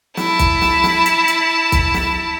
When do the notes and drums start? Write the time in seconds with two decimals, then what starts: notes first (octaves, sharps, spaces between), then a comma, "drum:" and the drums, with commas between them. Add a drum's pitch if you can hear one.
0.17 E4 A5, drum: snare
0.39 drum: kick, hi-hat
0.61 drum: snare
0.84 drum: snare
1.06 drum: hi-hat
1.28 drum: hi-hat
1.72 drum: kick, hi-hat
1.94 drum: snare